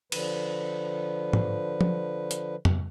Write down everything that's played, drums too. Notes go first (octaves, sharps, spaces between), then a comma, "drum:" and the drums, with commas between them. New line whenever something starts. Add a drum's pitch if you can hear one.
D3 F3 B4, drum: cymbal
drum: tom G#2
drum: tom F3
drum: hi-hat
drum: tom F2